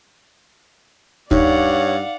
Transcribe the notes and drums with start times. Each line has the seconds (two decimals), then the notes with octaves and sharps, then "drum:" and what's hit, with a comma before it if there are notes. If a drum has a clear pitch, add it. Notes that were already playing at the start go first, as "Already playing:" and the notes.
1.31 G2 D#4 C#5 D5 F5 F#5, drum: kick